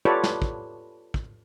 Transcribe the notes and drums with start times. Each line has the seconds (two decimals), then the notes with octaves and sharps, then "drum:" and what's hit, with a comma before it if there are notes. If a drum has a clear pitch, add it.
0.05 F4 G4 A4 B4 C#5 D5
0.24 drum: snare
0.42 drum: kick
1.14 drum: kick